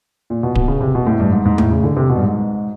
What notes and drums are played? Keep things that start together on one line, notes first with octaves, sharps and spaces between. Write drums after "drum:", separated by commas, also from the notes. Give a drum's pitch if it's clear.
A#2
B2
B2, drum: kick D1
C#3
C3
B2
A2
G2
G#2
G#2
A2, drum: tom E2
C#3
D3
C3
B2
G2
G#2